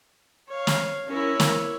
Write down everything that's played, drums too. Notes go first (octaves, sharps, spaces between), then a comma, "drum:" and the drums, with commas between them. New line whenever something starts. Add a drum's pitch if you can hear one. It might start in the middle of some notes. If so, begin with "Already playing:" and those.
C#5 F5
drum: snare
C#4 E4 A#4 C#5
A#3, drum: snare